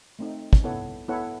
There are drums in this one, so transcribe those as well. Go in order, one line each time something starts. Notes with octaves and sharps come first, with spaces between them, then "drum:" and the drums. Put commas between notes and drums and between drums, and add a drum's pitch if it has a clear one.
A3 C4 D#4
drum: kick
B3 E4 A4 C#5 F#5
B3 E4 A4 C#5 F#5